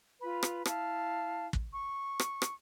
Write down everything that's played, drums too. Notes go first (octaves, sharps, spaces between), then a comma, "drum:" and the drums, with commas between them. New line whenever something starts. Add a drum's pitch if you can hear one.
F4 B4 B5
drum: rim click
E4 F5 A5, drum: rim click
drum: kick
C#6
drum: rim click
drum: rim click